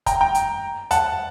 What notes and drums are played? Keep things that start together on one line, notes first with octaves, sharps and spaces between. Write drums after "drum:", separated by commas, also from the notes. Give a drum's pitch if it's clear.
G5 A#5, drum: kick, hi-hat
G5 A#5
drum: hi-hat
F#5 A5, drum: hi-hat